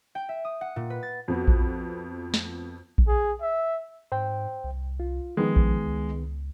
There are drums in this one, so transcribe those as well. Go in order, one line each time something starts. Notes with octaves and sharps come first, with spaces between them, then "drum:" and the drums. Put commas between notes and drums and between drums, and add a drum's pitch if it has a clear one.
G5
E5
D#6
F#5
A#2
B4
A6
F2 B3 F#4
drum: kick A#1
drum: snare
drum: kick A#1
G#4
E5
G#2 C5 G5
C2
F4
D#3 F3 G#3 B3
drum: kick A#1
C#2